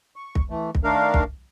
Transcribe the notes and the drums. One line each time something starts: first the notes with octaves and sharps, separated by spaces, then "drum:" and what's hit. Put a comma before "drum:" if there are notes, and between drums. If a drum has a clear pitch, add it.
C#6
drum: kick
E3 A3
drum: kick
D#3 A3 D4 A#4 F5
drum: kick